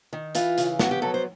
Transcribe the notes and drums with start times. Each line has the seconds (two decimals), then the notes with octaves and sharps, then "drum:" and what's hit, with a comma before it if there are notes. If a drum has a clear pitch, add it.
0.13 D#3
0.35 E3 F4, drum: hi-hat
0.58 C#3, drum: hi-hat
0.79 B3 F#4, drum: snare
0.91 G4
1.02 F#3 A4
1.14 C5